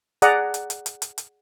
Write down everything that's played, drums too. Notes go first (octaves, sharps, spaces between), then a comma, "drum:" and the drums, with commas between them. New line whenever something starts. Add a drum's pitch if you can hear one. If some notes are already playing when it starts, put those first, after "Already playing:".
G#4 D5 F#5 A#5 D#6, drum: hi-hat
drum: hi-hat
drum: hi-hat
drum: hi-hat
drum: hi-hat
drum: hi-hat